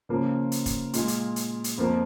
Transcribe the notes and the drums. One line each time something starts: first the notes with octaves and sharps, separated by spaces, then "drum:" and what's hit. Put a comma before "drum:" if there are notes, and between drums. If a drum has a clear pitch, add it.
C#3 F3 A#3 F4
drum: hi-hat
drum: kick, hi-hat
A#2 G#3 F4, drum: hi-hat
drum: hi-hat
drum: hi-hat
drum: hi-hat
F2 F3 A#3